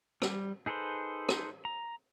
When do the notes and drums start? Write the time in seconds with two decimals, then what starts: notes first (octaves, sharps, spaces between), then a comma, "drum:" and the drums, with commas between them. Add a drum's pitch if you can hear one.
0.22 G3, drum: rim click
0.66 D#4 G#4 A4 B4 C5
1.29 drum: rim click
1.65 A#5